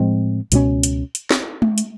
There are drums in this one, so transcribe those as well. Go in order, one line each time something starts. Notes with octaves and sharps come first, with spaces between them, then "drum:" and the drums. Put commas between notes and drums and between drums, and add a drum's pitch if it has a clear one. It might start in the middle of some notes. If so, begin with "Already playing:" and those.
Already playing: A2 F3 G#3 C4
C#2 B2 G#3 C#4, drum: hi-hat
drum: hi-hat
drum: hi-hat
drum: snare
drum: tom G#3
drum: hi-hat